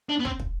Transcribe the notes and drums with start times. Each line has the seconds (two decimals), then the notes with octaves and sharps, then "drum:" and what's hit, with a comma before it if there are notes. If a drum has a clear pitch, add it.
0.09 D4
0.20 B3
0.25 C4, drum: kick
0.39 drum: kick